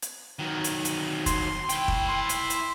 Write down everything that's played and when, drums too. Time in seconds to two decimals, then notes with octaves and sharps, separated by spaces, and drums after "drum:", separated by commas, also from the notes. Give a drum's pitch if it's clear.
0.02 drum: hi-hat
0.39 D#3 F#3
0.64 drum: hi-hat
0.85 drum: hi-hat
1.26 C6, drum: kick, hi-hat
1.69 E4 G5, drum: hi-hat
1.88 drum: kick
2.08 C6
2.29 drum: hi-hat
2.50 drum: hi-hat